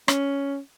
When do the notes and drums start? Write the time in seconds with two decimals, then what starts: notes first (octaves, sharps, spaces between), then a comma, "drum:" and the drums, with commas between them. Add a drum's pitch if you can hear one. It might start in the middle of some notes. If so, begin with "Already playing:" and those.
0.08 C#4, drum: rim click